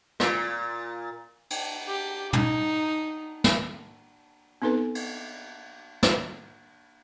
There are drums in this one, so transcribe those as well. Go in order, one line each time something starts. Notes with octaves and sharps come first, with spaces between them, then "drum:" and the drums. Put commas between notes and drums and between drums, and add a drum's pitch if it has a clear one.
A#2, drum: rim click
drum: cymbal
G4
D#4, drum: tom
drum: snare
B3 C4 D#4 A4 B4
drum: cymbal
drum: snare